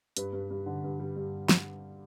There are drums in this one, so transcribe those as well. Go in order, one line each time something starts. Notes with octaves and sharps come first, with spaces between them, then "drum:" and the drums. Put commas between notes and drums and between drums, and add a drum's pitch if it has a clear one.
G2 B4, drum: hi-hat
G2
G2
D3
G2
G3
G2
drum: snare